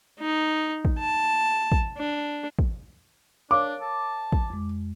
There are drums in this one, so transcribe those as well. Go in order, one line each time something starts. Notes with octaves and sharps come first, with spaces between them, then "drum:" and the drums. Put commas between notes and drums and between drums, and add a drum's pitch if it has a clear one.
D#4
drum: kick
A5
drum: kick
D4
drum: kick
D4 A#4 C#5 F5 D6
A5
drum: kick
F2 G#3